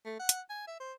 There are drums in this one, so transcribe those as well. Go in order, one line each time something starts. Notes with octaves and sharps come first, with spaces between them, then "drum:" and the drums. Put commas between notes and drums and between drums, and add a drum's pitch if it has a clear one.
A3
F#5
drum: hi-hat
G#5
E5
C5